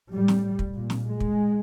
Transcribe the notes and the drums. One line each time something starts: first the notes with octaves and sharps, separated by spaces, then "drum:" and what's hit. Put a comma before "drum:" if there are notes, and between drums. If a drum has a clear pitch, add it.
A2 G3
drum: snare
drum: kick
A#2
drum: snare
G#3
drum: kick